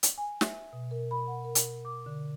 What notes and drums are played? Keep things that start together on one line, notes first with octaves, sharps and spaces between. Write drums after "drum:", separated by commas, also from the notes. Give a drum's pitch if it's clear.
drum: hi-hat
G#5
E5, drum: snare
B2
A#4
B5
F#5
A#4
drum: hi-hat
D6
D3